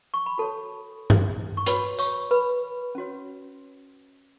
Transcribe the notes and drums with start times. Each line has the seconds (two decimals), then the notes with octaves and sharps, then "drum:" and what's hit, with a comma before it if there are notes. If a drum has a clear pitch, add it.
0.14 C#6
0.26 B5
0.38 F#4 A4 C#5 A5
1.10 drum: tom G2
1.57 C#6
1.66 F#4 B4 C#5 B5, drum: hi-hat
1.99 C#5 C#6, drum: tambourine
2.31 B4 B5
2.95 C#4 F#4 C#5